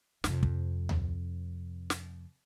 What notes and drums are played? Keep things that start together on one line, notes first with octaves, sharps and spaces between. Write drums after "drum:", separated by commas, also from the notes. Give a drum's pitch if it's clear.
F2 C3, drum: snare
drum: kick
drum: tom D2
drum: snare